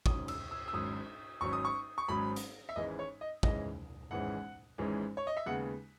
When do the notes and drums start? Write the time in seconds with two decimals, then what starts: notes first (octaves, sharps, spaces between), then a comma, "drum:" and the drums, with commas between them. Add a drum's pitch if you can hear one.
0.06 G#1 G#2 F#3 C#4 D#6, drum: kick
0.28 E6, drum: cymbal
0.51 E6
0.68 E6
0.73 G#1 G#2 F#3 C#4 D#6
1.41 G#1 G#2 F#3 C#4 C#6
1.53 D#6
1.65 C#6
1.98 C#6
2.08 G#1 G#2 F#3 C#4 B5
2.36 drum: hi-hat
2.69 E5
2.76 G#1 G#2 E3 G#3 C#4 D#5
2.99 C#5
3.21 D#5
3.43 G#1 G#2 E3 G#3 C#4 D#5, drum: kick
4.11 G#1 G#2 E3 G#3 C#4 F#5
4.78 G#1 G#2 E3 G#3 C#4
5.17 C#5
5.27 D#5
5.37 E5
5.46 D#2 C#3 G#3 B3 F#5